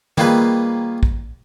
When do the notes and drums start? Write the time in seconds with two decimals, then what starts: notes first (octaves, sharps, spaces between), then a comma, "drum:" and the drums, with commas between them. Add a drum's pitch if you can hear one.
0.17 D#3 G3 A#3 F4 G#4 B4, drum: tom
1.03 drum: kick